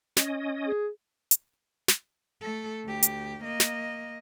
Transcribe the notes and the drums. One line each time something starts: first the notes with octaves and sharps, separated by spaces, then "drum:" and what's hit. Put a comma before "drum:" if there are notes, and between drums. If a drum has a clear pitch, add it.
C#4 D#5, drum: snare
G#4
drum: hi-hat
drum: snare
A3 A4
D2 G4
drum: hi-hat
A#3 D#5
drum: snare